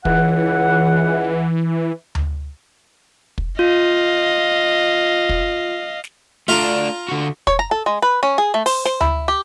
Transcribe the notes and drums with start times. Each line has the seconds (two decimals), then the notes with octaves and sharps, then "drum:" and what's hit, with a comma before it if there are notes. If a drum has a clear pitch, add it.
0.05 C#2 E3 F#5, drum: kick
2.15 drum: tom D2
3.38 drum: kick
3.59 F4 D#5 F5
5.29 drum: kick
6.04 drum: snare
6.48 A3 D4 F4 F5 A#5
7.09 D3 F#4
7.47 C#5, drum: kick
7.59 A#5
7.71 A4
7.86 G#3
8.02 B4
8.23 C#4
8.38 G#4
8.54 A3
8.66 C5, drum: open hi-hat
8.85 C5, drum: snare
9.01 E4, drum: tom D2
9.28 G4